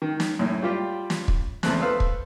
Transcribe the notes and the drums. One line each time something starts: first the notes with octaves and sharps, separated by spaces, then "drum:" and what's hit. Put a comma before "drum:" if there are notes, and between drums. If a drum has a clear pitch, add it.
D#3
drum: snare
F#2 A2
G3 F4 G4
drum: snare
drum: kick
E2 A3 C4 F#6, drum: snare
A4 B4 C5 F5 D#6 E6
drum: kick